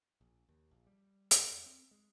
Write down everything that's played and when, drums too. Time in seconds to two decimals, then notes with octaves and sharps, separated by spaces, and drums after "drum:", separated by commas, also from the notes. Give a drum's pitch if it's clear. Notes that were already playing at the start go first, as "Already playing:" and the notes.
0.21 A#1
0.49 D#2
0.71 A#1
0.87 G3
1.31 E2, drum: hi-hat
1.51 E2
1.66 C4
1.91 G#3